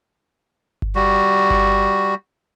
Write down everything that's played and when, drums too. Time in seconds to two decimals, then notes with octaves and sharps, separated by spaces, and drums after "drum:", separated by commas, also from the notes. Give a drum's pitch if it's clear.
0.82 drum: kick G1
0.95 G3 F#4
1.50 drum: kick G1